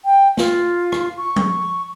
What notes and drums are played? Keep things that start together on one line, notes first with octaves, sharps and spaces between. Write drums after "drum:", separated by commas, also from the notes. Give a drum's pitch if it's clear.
G5
F4, drum: snare
drum: rim click
C#6
drum: tom F3